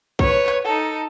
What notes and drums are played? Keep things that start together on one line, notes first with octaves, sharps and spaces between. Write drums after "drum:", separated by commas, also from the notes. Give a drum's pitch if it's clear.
B4 C#5, drum: kick
drum: clap
D#4 A4